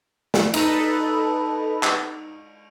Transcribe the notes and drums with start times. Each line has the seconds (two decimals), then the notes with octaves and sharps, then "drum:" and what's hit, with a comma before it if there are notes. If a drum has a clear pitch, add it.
0.34 drum: snare
0.54 D#4 A4 B4 D#5, drum: cymbal
1.83 drum: clap